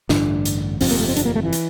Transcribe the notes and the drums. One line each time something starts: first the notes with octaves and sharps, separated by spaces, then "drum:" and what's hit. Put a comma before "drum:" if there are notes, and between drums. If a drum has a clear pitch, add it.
A1 G2 D3 D4, drum: snare
drum: hi-hat
G1 F2 C3 C4, drum: open hi-hat
A#3
A3
C4
D4, drum: hi-hat
A#3
A3
E3
drum: hi-hat